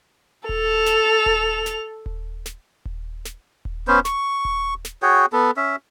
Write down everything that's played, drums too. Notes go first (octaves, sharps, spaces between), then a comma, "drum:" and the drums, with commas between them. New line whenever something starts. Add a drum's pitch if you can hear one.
A4 F7, drum: kick D#1
drum: snare
drum: kick D#1
drum: snare
drum: kick D#1
drum: snare
drum: kick D#1
drum: snare
drum: kick D#1
B3 C#4 C5
C#6, drum: snare
drum: kick D#1
drum: snare
F#4 G#4 C#5 G5
B3 A4
C#4 E5